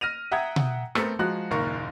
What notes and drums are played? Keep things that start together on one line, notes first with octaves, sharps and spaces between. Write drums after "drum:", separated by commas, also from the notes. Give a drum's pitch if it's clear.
F6 A#6 D#7 F7
E5 F#5 G5 A#5 D#6 G#6
drum: tom B2
A3 B3 C4 A4 A#4, drum: rim click
F3 G#3 F#4 A#5 F#6
F#1 D#2 A#2 A#4 F5 C#6